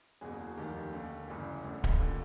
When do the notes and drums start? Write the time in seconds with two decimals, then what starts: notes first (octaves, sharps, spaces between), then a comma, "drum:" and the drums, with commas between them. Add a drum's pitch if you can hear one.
0.21 F#1 E2 B2 G#4
0.49 F#4
0.57 F1 D#2 D#3 G4
0.93 D#2 D3
1.28 G1 F#2 C#3 E3
1.65 E1 D2 D3
1.84 drum: kick D1
1.99 D#2 D3 F4